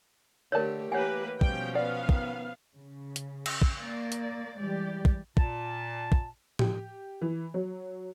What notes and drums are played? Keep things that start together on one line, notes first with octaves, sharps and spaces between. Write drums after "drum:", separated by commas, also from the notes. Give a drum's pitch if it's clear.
D3 A3 G4 A4 A#4 C#5 D5 A5
E3 A#3 G4 B4 C#5 F#5 G#5
B2 F3 G3 C#4 G5, drum: kick
B3 D5 F5 F#5
D#3, drum: kick
C#3
drum: hi-hat
drum: cymbal
drum: kick
A#3 D5
drum: hi-hat
E3 G3 G#3 G4 D5
drum: kick
A#2 A5, drum: kick
drum: kick
G4, drum: tom A2
E3
F#3